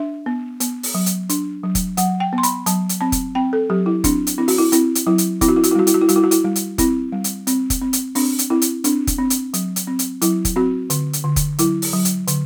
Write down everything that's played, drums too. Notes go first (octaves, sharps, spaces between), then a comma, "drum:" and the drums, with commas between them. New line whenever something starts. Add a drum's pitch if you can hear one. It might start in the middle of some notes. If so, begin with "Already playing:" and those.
Already playing: D4 E5
B3
B3, drum: hi-hat
drum: open hi-hat
F#3
drum: hi-hat
D4, drum: hi-hat
F#3
drum: kick, hi-hat
F#3 F#5, drum: hi-hat
G5
B3
C6
B5, drum: hi-hat
F#3 A5, drum: hi-hat
drum: hi-hat
C4 A5
drum: kick, hi-hat
C4 G5
A4
F#3 G4
E4
C4 D4, drum: kick, hi-hat
drum: hi-hat
C4 E4
F#4, drum: open hi-hat
E4
C4 E4, drum: hi-hat
drum: hi-hat
F#3 E4
drum: hi-hat
C4 E4, drum: kick, hi-hat
F#4
E4
F#4, drum: hi-hat
E4
G3 F#4
E4, drum: hi-hat
F#4
E4
G3 F#4, drum: hi-hat
E4
F#4
E4, drum: hi-hat
G3
drum: hi-hat
C4 E4, drum: kick, hi-hat
G3
drum: hi-hat
C4, drum: hi-hat
drum: kick, hi-hat
C4
drum: hi-hat
C4 D4, drum: open hi-hat
drum: hi-hat
C4 E4
drum: hi-hat
C4 D4, drum: hi-hat
drum: kick, hi-hat
C4
drum: hi-hat
F#3, drum: hi-hat
drum: hi-hat
C4
drum: hi-hat
F#3 E4, drum: hi-hat
drum: kick, hi-hat
C4 F#4
D3, drum: hi-hat
drum: hi-hat
D3
drum: kick, hi-hat
F#3 E4, drum: hi-hat
drum: open hi-hat
F#3
drum: hi-hat
D3, drum: hi-hat